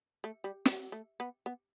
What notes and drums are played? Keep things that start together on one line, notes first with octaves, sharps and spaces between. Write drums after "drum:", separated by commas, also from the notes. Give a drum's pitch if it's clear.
A3
G3
G3, drum: snare
A3
B3
B3